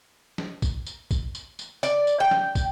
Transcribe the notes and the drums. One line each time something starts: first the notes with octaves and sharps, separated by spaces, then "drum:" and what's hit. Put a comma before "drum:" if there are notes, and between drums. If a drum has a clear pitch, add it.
drum: snare
drum: kick, tambourine
drum: tambourine
drum: kick, tambourine
drum: tambourine
drum: tambourine
D5, drum: tambourine
drum: tambourine
G5
drum: snare
drum: kick, tambourine